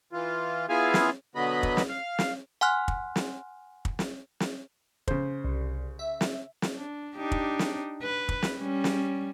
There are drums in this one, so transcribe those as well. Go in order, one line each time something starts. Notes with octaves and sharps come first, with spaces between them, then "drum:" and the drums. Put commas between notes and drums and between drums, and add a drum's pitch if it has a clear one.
E3 F4
B3 E4 F4 G#4 F5 G#5
drum: snare
B2 D3 F#3 B3 D#5 B5
drum: kick
drum: snare
F5
drum: snare
F#5 G#5 C6 F6 F#6
drum: kick
drum: snare
drum: kick
drum: snare
drum: snare
C#3 C5, drum: kick
C2
E5
drum: snare
drum: snare
D4
D4 D#4 G4
drum: kick
drum: snare
B4
drum: kick
drum: snare
G3 C#4
drum: snare